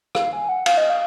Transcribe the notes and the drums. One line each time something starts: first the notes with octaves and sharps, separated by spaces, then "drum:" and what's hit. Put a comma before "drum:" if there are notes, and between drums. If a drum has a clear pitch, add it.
F5, drum: rim click
G#5
F#5
F5, drum: cymbal
D#5
F5